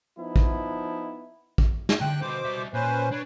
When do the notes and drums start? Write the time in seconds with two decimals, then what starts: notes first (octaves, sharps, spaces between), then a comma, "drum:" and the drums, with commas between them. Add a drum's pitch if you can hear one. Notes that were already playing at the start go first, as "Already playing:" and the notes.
0.18 F3 B3 D#4 E4
0.36 drum: kick
1.58 drum: kick
1.89 drum: snare
2.01 D3 G5 F#6
2.21 B2 D3 B4 C5 D6
2.45 G3 E5
2.74 A#2 C#4 B4 C5
3.12 D4 B4 C#5